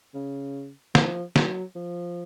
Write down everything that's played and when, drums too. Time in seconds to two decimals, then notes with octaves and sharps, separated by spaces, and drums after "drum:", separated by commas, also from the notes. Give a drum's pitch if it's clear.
0.14 C#3
0.95 F3, drum: snare
1.36 F#3, drum: snare
1.75 F3